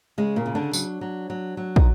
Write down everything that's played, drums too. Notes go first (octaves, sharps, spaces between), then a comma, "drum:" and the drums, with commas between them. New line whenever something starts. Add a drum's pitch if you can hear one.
C#3 G#3
A#2 A#3
C#3
D3 D4
F#3, drum: tambourine
F#3
F#3
F#3
D#4, drum: kick